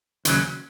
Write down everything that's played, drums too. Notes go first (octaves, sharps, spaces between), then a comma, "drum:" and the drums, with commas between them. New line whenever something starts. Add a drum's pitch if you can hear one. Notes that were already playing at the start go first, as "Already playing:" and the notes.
D#2 C#3 F#3, drum: hi-hat